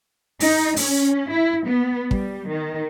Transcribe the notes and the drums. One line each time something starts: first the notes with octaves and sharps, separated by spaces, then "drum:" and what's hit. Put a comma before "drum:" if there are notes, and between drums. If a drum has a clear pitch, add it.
D#4, drum: open hi-hat
C#4, drum: open hi-hat
E4
B3
G3, drum: kick
D#3